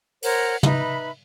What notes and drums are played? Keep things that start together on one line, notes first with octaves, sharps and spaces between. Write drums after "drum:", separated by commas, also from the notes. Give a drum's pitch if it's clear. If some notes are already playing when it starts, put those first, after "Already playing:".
A#4 C5 C#5 F#5, drum: open hi-hat
D#4 B4 E5 B5, drum: tom